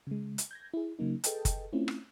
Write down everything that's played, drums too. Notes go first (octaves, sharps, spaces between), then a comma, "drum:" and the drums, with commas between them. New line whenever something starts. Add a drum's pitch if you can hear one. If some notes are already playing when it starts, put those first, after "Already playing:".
C#3 G#3
drum: hi-hat
G6 G#6 A#6
E4 G#4
C#3 F#3 A#3 D#4
G#4 A4 B4 D#5 G5 A5, drum: hi-hat
drum: kick F#1, hi-hat
A3 C4 C#4 E4 F4
drum: rim click